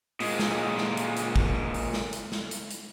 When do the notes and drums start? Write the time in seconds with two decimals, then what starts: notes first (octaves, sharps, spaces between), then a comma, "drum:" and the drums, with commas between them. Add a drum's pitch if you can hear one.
0.20 A#2 G#3, drum: open hi-hat
0.39 drum: snare
0.78 drum: snare
0.97 drum: hi-hat
1.16 drum: hi-hat
1.36 drum: kick
1.74 drum: open hi-hat
1.93 drum: snare
2.13 drum: hi-hat
2.32 drum: snare
2.51 drum: hi-hat
2.70 drum: hi-hat